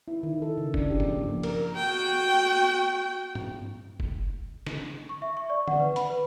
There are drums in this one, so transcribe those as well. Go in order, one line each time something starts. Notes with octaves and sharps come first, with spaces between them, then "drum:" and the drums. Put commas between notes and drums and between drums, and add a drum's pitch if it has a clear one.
E4
D#3
A4
C#3
D4, drum: kick F1
G4
drum: tom G2
F3
A#3
A#4, drum: cymbal
F#4 G5
drum: tom G2
drum: kick F1
drum: snare
C#6
E5
C#6
D5
F#5, drum: tom D3
B4
B5, drum: hi-hat
B4